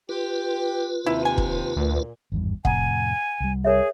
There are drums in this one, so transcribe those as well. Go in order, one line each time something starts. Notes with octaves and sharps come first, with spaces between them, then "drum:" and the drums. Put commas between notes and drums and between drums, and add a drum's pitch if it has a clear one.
F4 G4 B4
D#2 C3 E4
G#5
drum: kick
D2 A#2
G#1 E2 G2
F2 A2 C3 F#5 G#5 A#5, drum: kick
C2 G3
G#4 A#4 C#5 E5